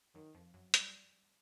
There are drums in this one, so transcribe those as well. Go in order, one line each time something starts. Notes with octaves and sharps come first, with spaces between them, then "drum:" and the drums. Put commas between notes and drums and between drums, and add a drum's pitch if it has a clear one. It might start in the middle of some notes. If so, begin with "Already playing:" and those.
F#2 D#3 F#3
F2 F3
F#2 F#3
G3, drum: hi-hat